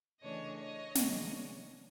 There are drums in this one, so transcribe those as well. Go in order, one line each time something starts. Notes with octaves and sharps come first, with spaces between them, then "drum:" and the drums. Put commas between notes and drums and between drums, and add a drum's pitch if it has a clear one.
C#3 E3 A3 D4 C#5 D#5
C#5 D#5
C3 D#3 G#3 B3 D4, drum: snare